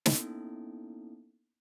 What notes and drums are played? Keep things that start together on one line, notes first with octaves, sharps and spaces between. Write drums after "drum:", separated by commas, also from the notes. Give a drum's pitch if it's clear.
A#3 B3 C#4 D#4 E4 A4, drum: snare